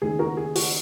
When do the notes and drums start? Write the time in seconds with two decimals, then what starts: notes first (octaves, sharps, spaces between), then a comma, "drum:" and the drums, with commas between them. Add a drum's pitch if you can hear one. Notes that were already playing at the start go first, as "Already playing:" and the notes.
0.01 D#2 C#3 G#3 G#4
0.19 F#4 A#4
0.37 G#4
0.55 F#4, drum: open hi-hat